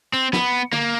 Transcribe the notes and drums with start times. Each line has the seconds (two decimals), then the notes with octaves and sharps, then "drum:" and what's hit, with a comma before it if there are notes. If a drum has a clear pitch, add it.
0.13 C4
0.33 B3, drum: snare
0.72 A#3, drum: tom